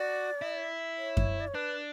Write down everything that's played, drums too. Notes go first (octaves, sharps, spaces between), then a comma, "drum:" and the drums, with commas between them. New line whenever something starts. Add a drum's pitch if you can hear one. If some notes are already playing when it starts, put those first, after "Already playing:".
Already playing: F#4 D5
E4
C#5
drum: kick F#2
D5
C#5
D4 B4